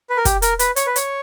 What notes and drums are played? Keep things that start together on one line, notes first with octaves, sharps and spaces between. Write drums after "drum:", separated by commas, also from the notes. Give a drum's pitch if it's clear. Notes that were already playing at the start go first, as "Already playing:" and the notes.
B4
A#4
G4, drum: kick, hi-hat
A#4, drum: hi-hat
B4, drum: hi-hat
C#5, drum: hi-hat
B4
C#5, drum: hi-hat